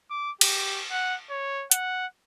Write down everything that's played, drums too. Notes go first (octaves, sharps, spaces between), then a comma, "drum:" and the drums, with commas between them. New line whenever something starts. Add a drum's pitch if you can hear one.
D6
G4, drum: cymbal
F#5
C#5
F#5, drum: hi-hat